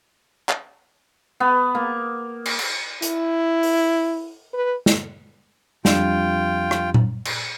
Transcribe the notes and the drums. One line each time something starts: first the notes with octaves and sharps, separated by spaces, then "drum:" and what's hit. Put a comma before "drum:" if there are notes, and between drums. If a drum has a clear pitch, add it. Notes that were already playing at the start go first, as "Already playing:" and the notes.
drum: clap
B3
A#3
drum: cymbal
drum: cymbal
E4, drum: hi-hat
drum: open hi-hat
B4
drum: snare
F2 G3 D4 F4 G5, drum: snare
drum: rim click
drum: tom A#2
drum: cymbal